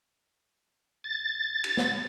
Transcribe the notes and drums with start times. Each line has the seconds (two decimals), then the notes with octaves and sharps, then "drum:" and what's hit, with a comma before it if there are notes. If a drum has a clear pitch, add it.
1.04 A6
1.64 drum: cymbal
1.77 drum: snare